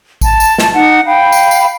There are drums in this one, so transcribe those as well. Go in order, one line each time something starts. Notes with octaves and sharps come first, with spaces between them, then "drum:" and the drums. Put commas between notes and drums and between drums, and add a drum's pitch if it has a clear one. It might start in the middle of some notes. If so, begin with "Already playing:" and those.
A5, drum: kick A1, tambourine
drum: tambourine
drum: snare
D#4 F#5
F5 G5 B5
drum: tambourine
drum: tambourine